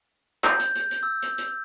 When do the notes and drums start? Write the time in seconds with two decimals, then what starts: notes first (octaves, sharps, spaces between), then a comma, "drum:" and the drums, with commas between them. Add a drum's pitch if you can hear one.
0.44 G6, drum: clap
0.60 drum: hi-hat
0.75 drum: hi-hat
0.91 drum: hi-hat
1.03 E6
1.22 drum: hi-hat
1.38 drum: hi-hat